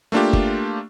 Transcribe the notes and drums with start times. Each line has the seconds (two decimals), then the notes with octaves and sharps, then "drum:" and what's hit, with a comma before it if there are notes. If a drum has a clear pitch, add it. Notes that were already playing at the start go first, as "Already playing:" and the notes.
0.12 A3 A#3 D4 F4 G4
0.33 drum: kick G1